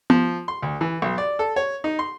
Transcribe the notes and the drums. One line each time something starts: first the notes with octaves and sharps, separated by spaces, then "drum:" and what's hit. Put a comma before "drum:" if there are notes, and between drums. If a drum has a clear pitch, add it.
F3, drum: tom B3
C6
D2
E3
B1
D5
A4
C#5
D#4
C6